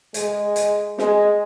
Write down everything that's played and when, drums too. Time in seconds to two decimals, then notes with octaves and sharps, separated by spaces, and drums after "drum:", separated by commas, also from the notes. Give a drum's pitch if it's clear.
0.14 G#3, drum: hi-hat
0.56 drum: hi-hat
0.98 G#3, drum: snare